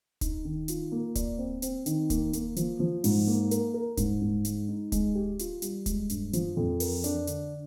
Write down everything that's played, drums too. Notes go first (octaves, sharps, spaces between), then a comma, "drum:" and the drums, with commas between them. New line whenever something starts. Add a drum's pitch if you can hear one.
D#4, drum: kick D1, hi-hat
D#3
F4, drum: hi-hat
A#3
D5, drum: kick D1, hi-hat
C4
C4, drum: hi-hat
D#3, drum: hi-hat
A#3, drum: kick D1, hi-hat
A#3, drum: hi-hat
F3, drum: hi-hat
F3
G#2, drum: open hi-hat
A#3
A#4, drum: hi-hat
A#4
G#2, drum: kick D1, hi-hat
G#2
G#3, drum: hi-hat
D#4
G#3, drum: kick D1, hi-hat
G4
F4, drum: hi-hat
G3, drum: hi-hat
G#3, drum: kick D1, hi-hat
G2, drum: hi-hat
F3, drum: hi-hat
F2
A#4, drum: open hi-hat
D4, drum: hi-hat
D3, drum: hi-hat